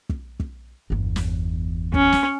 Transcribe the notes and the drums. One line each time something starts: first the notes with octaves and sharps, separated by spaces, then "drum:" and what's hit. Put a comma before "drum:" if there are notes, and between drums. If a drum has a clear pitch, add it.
drum: kick
drum: kick
G1 E2
drum: snare
C#4, drum: kick
drum: snare